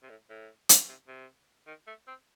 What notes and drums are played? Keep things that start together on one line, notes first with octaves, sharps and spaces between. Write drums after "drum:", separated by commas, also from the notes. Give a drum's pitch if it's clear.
C3
A2
A2
drum: hi-hat
C3
C3
D#3
A3
C4